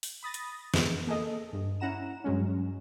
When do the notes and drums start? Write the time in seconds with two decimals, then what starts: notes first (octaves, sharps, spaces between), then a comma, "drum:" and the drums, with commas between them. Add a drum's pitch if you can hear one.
0.03 drum: open hi-hat
0.23 B5 D#6 A6 A#6
0.34 drum: hi-hat
0.74 F2 E3 G#3 B3, drum: snare
1.07 A#3 G#4 A4 D#5
1.53 G2
1.80 C#4 E4 F#5 A#5 E7
2.24 G2 F#3 G#3 C#4